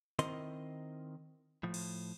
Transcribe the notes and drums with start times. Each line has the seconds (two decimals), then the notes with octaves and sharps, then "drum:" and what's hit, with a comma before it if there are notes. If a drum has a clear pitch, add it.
0.19 D#3 C4 E4 A#4 D#5 C6, drum: hi-hat
1.63 A2 F3
1.74 drum: cymbal